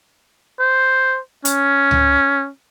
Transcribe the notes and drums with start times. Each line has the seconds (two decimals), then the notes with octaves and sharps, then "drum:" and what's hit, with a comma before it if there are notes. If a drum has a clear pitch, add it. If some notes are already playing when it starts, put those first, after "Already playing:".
0.60 C5
1.45 C#4, drum: hi-hat
1.91 drum: tom C#2